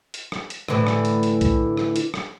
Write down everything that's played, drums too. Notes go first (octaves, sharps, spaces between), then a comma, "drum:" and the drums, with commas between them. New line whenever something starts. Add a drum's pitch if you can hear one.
drum: hi-hat
drum: rim click
drum: hi-hat
A2 D3 E3, drum: rim click
drum: rim click
drum: hi-hat
drum: hi-hat
drum: kick B1, hi-hat
drum: rim click
drum: hi-hat
drum: rim click